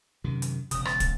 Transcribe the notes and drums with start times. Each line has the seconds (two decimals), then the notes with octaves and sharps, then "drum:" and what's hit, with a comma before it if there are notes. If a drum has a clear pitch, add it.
0.24 F#2 C3 D#3
0.42 drum: hi-hat
0.71 E1 C#3 D#6, drum: hi-hat
0.85 A6, drum: rim click
1.00 drum: kick, hi-hat